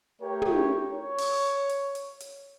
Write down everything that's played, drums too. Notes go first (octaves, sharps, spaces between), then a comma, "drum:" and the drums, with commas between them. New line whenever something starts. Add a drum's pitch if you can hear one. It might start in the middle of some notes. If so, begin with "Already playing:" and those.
A3 G4 A#4 C#5 G5
drum: tom
C#5
drum: open hi-hat
drum: hi-hat
drum: hi-hat
drum: hi-hat